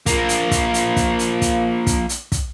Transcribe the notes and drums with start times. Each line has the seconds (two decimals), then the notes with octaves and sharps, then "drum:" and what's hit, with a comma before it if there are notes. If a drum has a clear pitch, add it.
0.06 F3 A#3, drum: kick, hi-hat
0.29 drum: hi-hat
0.51 drum: kick, hi-hat
0.74 drum: hi-hat
0.96 drum: kick, hi-hat
1.19 drum: hi-hat
1.42 drum: kick, hi-hat
1.87 drum: kick, hi-hat
2.09 drum: hi-hat
2.32 drum: kick, hi-hat